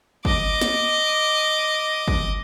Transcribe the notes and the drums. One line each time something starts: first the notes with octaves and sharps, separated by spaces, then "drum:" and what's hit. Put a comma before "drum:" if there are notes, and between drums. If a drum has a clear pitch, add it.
D#5 D6, drum: kick
drum: snare
drum: kick